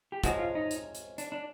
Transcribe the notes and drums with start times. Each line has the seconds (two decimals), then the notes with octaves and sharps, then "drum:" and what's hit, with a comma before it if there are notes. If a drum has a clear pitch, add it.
0.12 G4
0.24 C3 F3 G#3 C#4 F#4, drum: kick, hi-hat
0.39 F4
0.55 D#4
0.71 drum: hi-hat
0.95 drum: hi-hat
1.18 D4, drum: hi-hat
1.32 D4